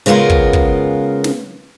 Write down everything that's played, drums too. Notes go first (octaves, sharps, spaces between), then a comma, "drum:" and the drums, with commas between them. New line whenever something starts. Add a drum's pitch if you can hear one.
C#3 G#3 B3 F4 A#4
drum: kick
drum: kick
drum: snare